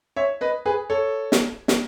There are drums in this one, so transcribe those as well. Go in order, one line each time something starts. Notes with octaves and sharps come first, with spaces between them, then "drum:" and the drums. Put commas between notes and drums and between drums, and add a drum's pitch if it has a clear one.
C#5 E5
B4 D#5
G#4 B4
A4 C#5
drum: snare
drum: snare